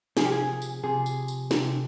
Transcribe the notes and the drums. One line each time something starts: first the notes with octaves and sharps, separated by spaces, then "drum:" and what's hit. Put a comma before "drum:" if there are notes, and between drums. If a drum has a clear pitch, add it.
C3 F3 G#4, drum: snare
G4
G#4
drum: tambourine
C3 F3 G#4
drum: tambourine
drum: tambourine
C3 F3, drum: snare